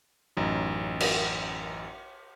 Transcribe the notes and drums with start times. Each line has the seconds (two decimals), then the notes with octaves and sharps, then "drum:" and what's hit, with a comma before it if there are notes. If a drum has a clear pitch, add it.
0.37 A1 F#2 D#4
1.00 drum: cymbal